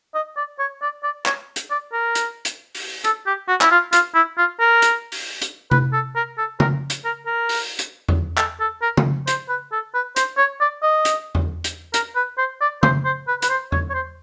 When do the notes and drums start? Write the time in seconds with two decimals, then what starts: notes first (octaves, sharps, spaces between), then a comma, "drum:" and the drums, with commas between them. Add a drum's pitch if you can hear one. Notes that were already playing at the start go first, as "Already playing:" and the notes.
0.15 D#5
0.37 D5
0.59 C#5
0.82 D5
1.04 D5
1.26 C#5, drum: clap
1.56 drum: hi-hat
1.71 D5
1.93 A#4
2.15 drum: hi-hat
2.45 drum: hi-hat
2.75 drum: open hi-hat
3.04 A4, drum: hi-hat
3.26 G4
3.48 F#4
3.61 E4, drum: clap
3.71 F4
3.93 F4, drum: hi-hat
4.15 E4
4.38 F4
4.60 A#4
4.82 drum: hi-hat
5.12 drum: open hi-hat
5.42 drum: hi-hat
5.71 B4, drum: tom C3
5.93 A4
6.16 A#4
6.38 A4
6.60 A#4, drum: tom C#3
6.90 drum: hi-hat
7.05 A#4
7.26 A#4
7.49 drum: open hi-hat
7.79 drum: hi-hat
8.08 drum: tom E2
8.38 A4, drum: clap
8.60 A4
8.82 A#4
8.97 drum: tom C#3
9.27 C5, drum: hi-hat
9.49 B4
9.72 A4
9.94 B4
10.16 C5, drum: hi-hat
10.38 C#5
10.61 D5
10.83 D#5
11.05 drum: hi-hat
11.35 drum: tom E2
11.64 drum: hi-hat
11.94 A#4, drum: hi-hat
12.16 B4
12.38 C5
12.61 D5
12.83 C5, drum: tom C#3
13.05 C5
13.28 B4
13.42 B4, drum: hi-hat
13.50 C5
13.72 C#5, drum: tom E2
13.90 C#5
13.94 C5